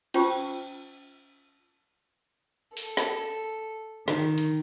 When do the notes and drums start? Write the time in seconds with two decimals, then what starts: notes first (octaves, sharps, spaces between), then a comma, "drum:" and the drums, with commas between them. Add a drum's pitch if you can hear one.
0.14 C#4 F4 C5 G5 A5 C#6, drum: cymbal
2.77 A4, drum: open hi-hat
2.97 drum: snare
4.08 D#3, drum: snare
4.38 drum: hi-hat